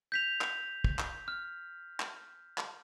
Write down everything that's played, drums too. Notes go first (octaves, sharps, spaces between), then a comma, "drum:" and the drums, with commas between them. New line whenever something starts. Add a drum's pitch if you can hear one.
G6 B6 F7
drum: clap
drum: kick
drum: clap
F6
drum: clap
drum: clap